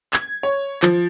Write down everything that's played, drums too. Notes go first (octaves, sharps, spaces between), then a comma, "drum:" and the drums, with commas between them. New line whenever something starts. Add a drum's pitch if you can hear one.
G#6, drum: clap
C#5
F3, drum: clap